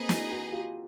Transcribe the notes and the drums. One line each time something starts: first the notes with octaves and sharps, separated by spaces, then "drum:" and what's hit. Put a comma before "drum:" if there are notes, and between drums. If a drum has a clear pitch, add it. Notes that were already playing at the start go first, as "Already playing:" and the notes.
Already playing: A#3 C4 D#4 G#4 B4 D#5
E4 F#4, drum: snare
E4 F#4
F4 G4